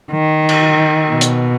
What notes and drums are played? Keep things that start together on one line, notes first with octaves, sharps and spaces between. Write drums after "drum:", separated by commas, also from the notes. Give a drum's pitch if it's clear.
D#3
drum: cymbal
B2
drum: hi-hat